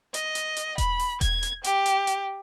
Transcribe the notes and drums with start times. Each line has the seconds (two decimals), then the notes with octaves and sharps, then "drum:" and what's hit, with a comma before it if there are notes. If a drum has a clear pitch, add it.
0.14 D#5, drum: hi-hat
0.35 drum: hi-hat
0.56 drum: hi-hat
0.78 B5, drum: kick E1, hi-hat
1.00 drum: open hi-hat
1.21 G#6, drum: kick E1, hi-hat
1.43 drum: hi-hat
1.64 G4, drum: hi-hat
1.86 drum: hi-hat
2.07 drum: hi-hat